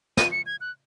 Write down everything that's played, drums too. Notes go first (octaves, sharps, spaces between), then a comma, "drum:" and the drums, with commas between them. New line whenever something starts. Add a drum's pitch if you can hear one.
D#7, drum: snare
C#7
G#6
F#6